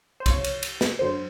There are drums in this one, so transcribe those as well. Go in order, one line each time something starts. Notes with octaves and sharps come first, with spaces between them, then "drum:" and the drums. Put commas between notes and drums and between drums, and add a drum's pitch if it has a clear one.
C5
C2 C3 F3 C#5, drum: kick, cymbal
drum: cymbal
drum: cymbal
drum: snare
G#1 F#2 D3 F#3 C5